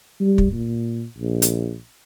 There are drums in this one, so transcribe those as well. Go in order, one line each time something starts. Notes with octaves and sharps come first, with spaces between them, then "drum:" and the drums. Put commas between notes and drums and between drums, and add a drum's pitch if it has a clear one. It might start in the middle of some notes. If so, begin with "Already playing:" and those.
G3
drum: kick
A#2
A#1
drum: hi-hat